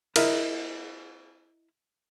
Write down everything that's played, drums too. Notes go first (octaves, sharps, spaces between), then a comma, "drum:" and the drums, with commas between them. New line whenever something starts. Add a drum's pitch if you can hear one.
E4 A#4 D#5 E5, drum: cymbal